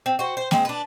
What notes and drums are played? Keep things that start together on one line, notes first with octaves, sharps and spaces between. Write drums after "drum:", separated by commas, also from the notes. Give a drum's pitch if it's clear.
C4
F#4 C5
C5
G#3 C4, drum: snare A#3
D4 B4